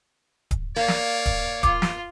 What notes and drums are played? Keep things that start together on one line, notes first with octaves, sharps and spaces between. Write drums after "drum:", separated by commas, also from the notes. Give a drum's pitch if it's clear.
drum: kick D1, hi-hat
A#3 C#5 D5 F5
drum: snare
drum: kick D1, hi-hat
F4 D6, drum: kick D1, hi-hat
drum: snare